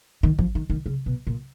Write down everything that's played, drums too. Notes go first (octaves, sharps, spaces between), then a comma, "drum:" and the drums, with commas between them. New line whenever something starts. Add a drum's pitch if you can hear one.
D#3
F3, drum: kick G#1
D#3
D#3
C#3
B2
A#2